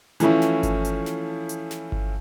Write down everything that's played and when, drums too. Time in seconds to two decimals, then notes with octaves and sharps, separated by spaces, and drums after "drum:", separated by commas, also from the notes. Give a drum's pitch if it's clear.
0.20 E3 F3 A3 C#4 E4, drum: hi-hat
0.42 drum: snare
0.63 drum: kick G1, hi-hat
0.85 drum: hi-hat
1.06 drum: snare
1.49 drum: hi-hat
1.71 drum: snare
1.92 drum: kick G1